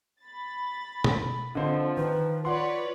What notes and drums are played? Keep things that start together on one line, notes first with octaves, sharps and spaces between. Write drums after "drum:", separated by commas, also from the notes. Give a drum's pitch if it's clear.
B5 A6
drum: tom B2
D3 F3 C4 D#5
D#3 B4
F4 B4 C#5 D5 F#5 C6